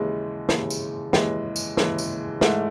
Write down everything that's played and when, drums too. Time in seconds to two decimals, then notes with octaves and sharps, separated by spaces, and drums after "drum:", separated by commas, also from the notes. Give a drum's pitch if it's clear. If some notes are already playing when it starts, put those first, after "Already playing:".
Already playing: D#2 C#3 E3 G#3
0.49 D#2 C#3 E3 G#3, drum: snare
0.70 drum: tambourine
1.13 D#2 C#3 E3 G#3, drum: snare
1.56 drum: tambourine
1.77 D#2 C#3 E3 G#3, drum: snare
1.98 drum: tambourine
2.41 G#2 E3 G#3 A3, drum: snare